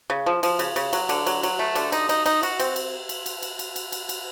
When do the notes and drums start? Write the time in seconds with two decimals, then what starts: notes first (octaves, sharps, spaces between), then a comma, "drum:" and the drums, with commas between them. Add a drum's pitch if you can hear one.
0.10 C#3
0.26 F3
0.43 F3, drum: cymbal
0.59 C#3, drum: cymbal
0.76 C#3, drum: cymbal
0.93 F#3, drum: cymbal
1.09 D3, drum: cymbal
1.26 F#3, drum: cymbal
1.43 F#3, drum: cymbal
1.59 A3
1.75 D3, drum: cymbal
1.92 D#4, drum: cymbal
2.09 D#4, drum: cymbal
2.26 D#4, drum: cymbal
2.43 F#4, drum: cymbal
2.60 C4, drum: cymbal
2.76 drum: cymbal
3.09 drum: cymbal
3.26 drum: cymbal
3.42 drum: cymbal
3.59 drum: cymbal
3.76 drum: cymbal
3.92 drum: cymbal
4.09 drum: cymbal